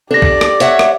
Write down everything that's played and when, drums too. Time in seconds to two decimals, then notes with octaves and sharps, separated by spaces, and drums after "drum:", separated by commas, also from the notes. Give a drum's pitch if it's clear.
0.11 D4 G4 A4 D5 A#6
0.22 drum: kick B1
0.41 drum: rim click
0.60 C#5 E5 F#5, drum: hi-hat
0.79 drum: rim click